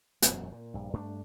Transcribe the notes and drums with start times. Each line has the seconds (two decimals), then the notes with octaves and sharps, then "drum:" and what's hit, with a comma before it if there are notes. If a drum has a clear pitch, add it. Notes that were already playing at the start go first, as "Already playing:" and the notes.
0.22 E1 F#2 A#2 F#3, drum: hi-hat
0.52 A#2
0.74 A#1 G2
0.93 G2 A3 D4